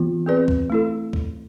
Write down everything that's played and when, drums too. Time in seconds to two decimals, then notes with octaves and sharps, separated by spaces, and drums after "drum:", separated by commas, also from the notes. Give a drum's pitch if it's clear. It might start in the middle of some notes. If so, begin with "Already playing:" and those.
Already playing: E3 B3 F4
0.26 C4 G#4 B4 D5
0.48 drum: kick
0.70 A3 E4 A4
1.13 drum: kick